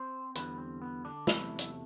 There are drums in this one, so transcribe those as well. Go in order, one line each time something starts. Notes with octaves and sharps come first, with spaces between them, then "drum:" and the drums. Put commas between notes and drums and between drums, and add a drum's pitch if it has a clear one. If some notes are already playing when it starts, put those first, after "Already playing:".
Already playing: C4 C5
E2 D3 G3 B3 B4, drum: hi-hat
C4
B3
D3 D4
E2 C3 E3 F#3 A3 E4, drum: snare
drum: hi-hat